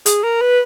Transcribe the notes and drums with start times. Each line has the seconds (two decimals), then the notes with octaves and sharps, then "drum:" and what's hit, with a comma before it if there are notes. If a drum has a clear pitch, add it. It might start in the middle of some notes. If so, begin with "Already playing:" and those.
0.06 G#4, drum: hi-hat
0.23 A#4
0.41 B4